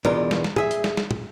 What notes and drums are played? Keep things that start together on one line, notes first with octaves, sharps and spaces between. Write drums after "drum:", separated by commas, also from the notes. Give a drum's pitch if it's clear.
E2 B2 D4 F4 A#4, drum: tom
drum: snare
drum: snare
G#4 E5, drum: tom
drum: hi-hat
drum: snare
drum: snare
drum: tom